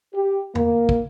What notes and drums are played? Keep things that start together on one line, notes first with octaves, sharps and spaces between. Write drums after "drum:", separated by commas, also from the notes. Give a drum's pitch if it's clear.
G4
A#3, drum: tom E2
drum: kick